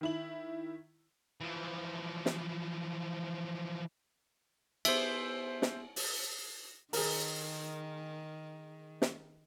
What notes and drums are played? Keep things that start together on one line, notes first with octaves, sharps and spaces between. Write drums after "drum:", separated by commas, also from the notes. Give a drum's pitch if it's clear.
D#3 E4 F#7
E3 F3
drum: snare
B3 G4 G#4 C5 E5, drum: cymbal
drum: snare
drum: open hi-hat
D#3 G#4 A#4, drum: open hi-hat
drum: snare